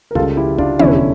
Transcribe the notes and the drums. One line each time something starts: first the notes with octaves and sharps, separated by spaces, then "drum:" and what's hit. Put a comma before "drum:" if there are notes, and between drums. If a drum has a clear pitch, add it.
A#4
C#2 C#3 G3 F4 A4, drum: kick
E4 G4
D4 F4, drum: kick
F1 E2 D3 C#4 E4, drum: tom